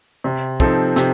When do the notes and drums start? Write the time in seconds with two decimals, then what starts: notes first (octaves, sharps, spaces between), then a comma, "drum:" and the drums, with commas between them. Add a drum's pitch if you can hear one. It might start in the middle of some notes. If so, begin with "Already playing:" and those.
0.24 C3
0.60 F3 C4 D#4 A4, drum: kick
0.96 C3, drum: snare